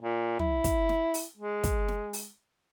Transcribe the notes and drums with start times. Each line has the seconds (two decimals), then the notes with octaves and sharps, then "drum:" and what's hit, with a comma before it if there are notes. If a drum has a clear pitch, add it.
0.02 A#2
0.39 E4, drum: tom
0.64 drum: kick, hi-hat
0.89 drum: snare
1.14 drum: open hi-hat
1.38 G#3
1.64 drum: kick, hi-hat
1.88 drum: snare
2.13 drum: open hi-hat